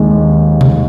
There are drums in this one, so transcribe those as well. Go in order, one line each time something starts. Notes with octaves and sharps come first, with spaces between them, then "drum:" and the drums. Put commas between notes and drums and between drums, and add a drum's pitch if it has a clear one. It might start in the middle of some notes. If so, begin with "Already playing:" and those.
Already playing: D#2 D#3 G#3
drum: tom B2